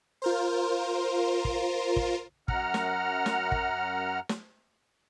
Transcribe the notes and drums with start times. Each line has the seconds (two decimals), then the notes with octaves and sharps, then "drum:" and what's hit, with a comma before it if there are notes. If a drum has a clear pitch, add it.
0.22 F4 A#4 C5
1.45 drum: kick
1.96 drum: kick
2.48 F#2 F#5 A#5 F6, drum: kick
2.74 drum: snare
3.26 drum: snare
3.52 drum: kick
4.29 drum: snare